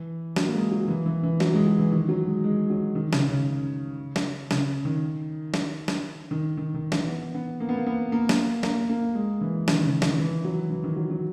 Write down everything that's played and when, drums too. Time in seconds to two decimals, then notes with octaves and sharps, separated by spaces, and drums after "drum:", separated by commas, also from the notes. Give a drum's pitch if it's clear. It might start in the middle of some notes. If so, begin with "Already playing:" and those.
Already playing: E3
0.36 F#3, drum: snare
0.47 A#3
0.54 G#3
0.71 F#3
0.88 E3
1.06 E3
1.23 E3
1.40 F#3, drum: snare
1.54 G#3
1.66 F#3
1.79 E3
1.92 D#3
2.09 F#3
2.26 G#3
2.44 G#3
2.70 F#3
2.95 D#3
3.13 C#3, drum: snare
3.29 C#3
4.16 drum: snare
4.51 C#3, drum: snare
4.85 D#3
5.54 drum: snare
5.88 drum: snare
6.31 D#3
6.57 D#3
6.74 D#3
6.92 E3, drum: snare
7.08 B3
7.35 B3
7.60 A#3
7.69 B3
7.77 A#3
7.86 B3
8.12 A#3
8.29 drum: snare
8.63 A#3, drum: snare
8.90 A#3
9.15 G#3
9.41 E3
9.68 D#3, drum: snare
9.84 C#3
10.02 D#3, drum: snare
10.19 E3
10.45 F#3
10.70 E3
10.84 D#3
10.96 F#3
11.10 F#3